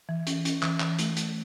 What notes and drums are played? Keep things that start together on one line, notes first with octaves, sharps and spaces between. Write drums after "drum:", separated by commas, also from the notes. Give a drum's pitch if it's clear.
E3
C#4, drum: hi-hat
C#4, drum: hi-hat
E3, drum: clap
E3, drum: clap
A3, drum: hi-hat
A3, drum: hi-hat